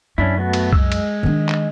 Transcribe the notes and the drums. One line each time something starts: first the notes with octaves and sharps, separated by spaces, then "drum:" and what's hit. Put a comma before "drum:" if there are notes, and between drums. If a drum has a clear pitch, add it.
F#2 C#4 D4 E4
A3 B3 F#4
drum: cymbal
G#3 E6, drum: kick C2
drum: cymbal
D#3 D4
drum: clap